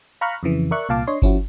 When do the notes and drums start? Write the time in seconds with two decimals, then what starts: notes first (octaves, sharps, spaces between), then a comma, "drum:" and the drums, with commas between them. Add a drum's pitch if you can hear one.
0.21 F5 A#5 B5 C#6 F6 F#6
0.43 F2 C#3 E3
0.71 A#4 D5 E5 C#6 F#6
0.89 C2 A#2 F5 A5 D6
1.07 D4 C#5 D#5 C6
1.22 F3 C#4 E4 F#4, drum: kick G1